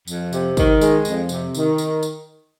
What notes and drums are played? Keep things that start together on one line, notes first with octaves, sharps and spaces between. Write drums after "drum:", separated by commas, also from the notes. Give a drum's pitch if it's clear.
F2, drum: tambourine
C3, drum: tambourine
D#3, drum: kick, tambourine
G#3, drum: tambourine
F2, drum: tambourine
C3, drum: tambourine
D#3, drum: tambourine
drum: tambourine
drum: tambourine